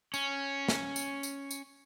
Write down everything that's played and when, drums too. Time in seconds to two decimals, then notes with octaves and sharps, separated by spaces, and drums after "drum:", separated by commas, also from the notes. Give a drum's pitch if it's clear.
0.14 C#4, drum: tambourine
0.68 drum: snare
0.96 drum: tambourine
1.23 drum: tambourine
1.51 drum: tambourine